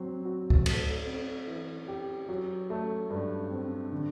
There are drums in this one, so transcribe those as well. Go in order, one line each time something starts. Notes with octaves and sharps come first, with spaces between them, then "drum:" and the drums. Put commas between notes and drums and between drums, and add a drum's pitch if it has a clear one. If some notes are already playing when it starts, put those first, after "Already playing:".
Already playing: F#3 C4
F#4
drum: kick
A3, drum: cymbal
C4
E3
G4
F#3
A3
G2
C4
D3